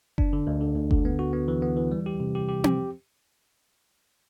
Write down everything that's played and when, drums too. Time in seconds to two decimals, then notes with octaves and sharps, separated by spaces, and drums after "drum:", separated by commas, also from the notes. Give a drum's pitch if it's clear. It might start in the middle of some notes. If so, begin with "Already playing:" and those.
0.18 D4, drum: kick F#1
0.33 D3
0.47 D2
0.61 D3
0.76 D2
0.91 D3, drum: kick F#1
1.05 B3
1.19 F#4
1.33 B3
1.48 E3
1.62 B3
1.77 E3
1.92 G3
2.06 G4
2.20 C3
2.35 G4
2.49 G4
2.64 G4, drum: tom C4